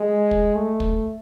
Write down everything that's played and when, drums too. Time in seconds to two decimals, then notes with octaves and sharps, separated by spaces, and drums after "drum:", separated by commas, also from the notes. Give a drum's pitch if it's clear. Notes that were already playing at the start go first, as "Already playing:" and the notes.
Already playing: G#3
0.31 drum: kick
0.55 A3
0.80 drum: kick